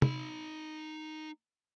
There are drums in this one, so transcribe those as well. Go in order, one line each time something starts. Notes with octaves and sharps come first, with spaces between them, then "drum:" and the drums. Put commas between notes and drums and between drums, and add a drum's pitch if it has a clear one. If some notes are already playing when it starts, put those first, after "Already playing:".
D#4 B5, drum: tom